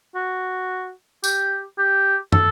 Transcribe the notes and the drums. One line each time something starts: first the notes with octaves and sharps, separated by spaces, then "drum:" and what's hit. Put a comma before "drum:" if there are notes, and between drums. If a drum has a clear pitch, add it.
F#4
G4, drum: tambourine
G4
A4, drum: tom